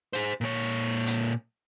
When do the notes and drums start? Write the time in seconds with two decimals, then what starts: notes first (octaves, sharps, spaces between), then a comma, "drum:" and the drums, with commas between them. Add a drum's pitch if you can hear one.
0.13 G#4 C5, drum: hi-hat
0.41 A#2 C#5
1.06 drum: hi-hat